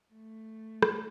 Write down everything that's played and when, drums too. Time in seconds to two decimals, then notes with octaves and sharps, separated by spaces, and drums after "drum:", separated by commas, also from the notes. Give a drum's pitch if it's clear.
0.13 A3
0.83 drum: rim click